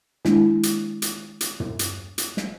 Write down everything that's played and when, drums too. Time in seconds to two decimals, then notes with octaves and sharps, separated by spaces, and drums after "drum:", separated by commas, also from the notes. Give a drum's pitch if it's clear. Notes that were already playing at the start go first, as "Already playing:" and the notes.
0.25 D#3 G#3 A#3 D4 E4, drum: snare
0.63 drum: hi-hat
1.02 drum: hi-hat
1.41 drum: hi-hat
1.60 drum: tom
1.79 drum: hi-hat
2.18 drum: hi-hat
2.37 drum: snare